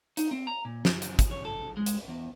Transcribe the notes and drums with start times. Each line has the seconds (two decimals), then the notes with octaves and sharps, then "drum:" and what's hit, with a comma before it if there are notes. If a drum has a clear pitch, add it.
0.17 D#4, drum: hi-hat
0.31 C4
0.47 A#5
0.65 A#2
0.85 F#2, drum: snare
1.02 drum: hi-hat
1.19 drum: kick, hi-hat
1.31 C#5
1.45 A4
1.77 G#3
1.86 drum: hi-hat
2.08 E2